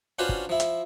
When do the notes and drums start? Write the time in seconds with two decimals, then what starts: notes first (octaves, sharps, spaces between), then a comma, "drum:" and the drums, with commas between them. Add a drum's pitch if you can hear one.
0.19 C#4 D4 F4 F#4 B4 C5
0.29 drum: kick
0.49 F3 E4
0.60 drum: hi-hat